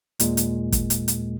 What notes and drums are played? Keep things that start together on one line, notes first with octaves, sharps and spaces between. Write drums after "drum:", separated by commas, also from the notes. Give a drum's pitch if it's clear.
D#2 A#2 G#3 A#3, drum: hi-hat
drum: hi-hat
drum: kick, hi-hat
drum: hi-hat
drum: hi-hat